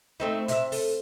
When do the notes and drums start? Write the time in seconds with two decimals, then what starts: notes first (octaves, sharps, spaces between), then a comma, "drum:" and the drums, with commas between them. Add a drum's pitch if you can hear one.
0.20 A3 C4 D#4
0.48 C3 E5, drum: hi-hat
0.72 A4, drum: open hi-hat